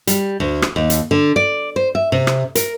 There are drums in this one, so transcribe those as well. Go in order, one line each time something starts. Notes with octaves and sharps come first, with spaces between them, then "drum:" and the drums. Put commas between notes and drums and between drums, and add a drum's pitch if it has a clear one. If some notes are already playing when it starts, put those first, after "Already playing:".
G3, drum: hi-hat
D2
drum: rim click
D#2
drum: hi-hat
D3
D5
C5
E5
C3
drum: rim click
A#4, drum: hi-hat